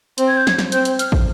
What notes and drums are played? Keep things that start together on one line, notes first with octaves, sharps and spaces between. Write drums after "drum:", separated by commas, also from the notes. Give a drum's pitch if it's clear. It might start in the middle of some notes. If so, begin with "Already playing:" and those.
C4, drum: hi-hat
G#6
G6
G#6, drum: snare
drum: snare
C4 G6, drum: hi-hat
drum: hi-hat
F6, drum: hi-hat
drum: kick